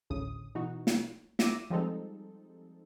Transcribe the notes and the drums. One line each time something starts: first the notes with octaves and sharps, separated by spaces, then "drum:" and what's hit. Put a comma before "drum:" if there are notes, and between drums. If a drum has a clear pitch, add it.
G#1 D2 A2 C#3 D#6
B2 E3 D#4 F#4
drum: snare
E5 D6 A#6 D#7 E7, drum: snare
F3 G3 G#3 C4 D#4 A4